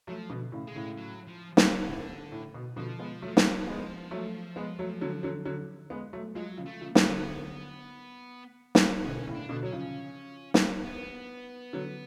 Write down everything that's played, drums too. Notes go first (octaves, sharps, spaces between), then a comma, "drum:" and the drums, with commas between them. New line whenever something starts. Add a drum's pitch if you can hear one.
F3 F#3 A3
B2 D3
A2 C#3
G#3
A2 C#3
F#3
F3
D3, drum: snare
A2 C#3
A2
B2
B2 D3 F3
G#3 B3
F#3 A3
drum: snare
G#3 B3
F#3 A3
G#3 B3
F#3 A3
D3 F#3
D3 F#3
D3 F#3
G#3 B3
F#3 A3
F3 F#3 G#3
C#3 F3
A3
C#3 F3
B3, drum: snare
D3 F#3
drum: snare
B2 D3 C#4
A2 C#3
D4
B2 D3
F#3 C#4
C#3 F3
drum: snare
B3
D3 F#3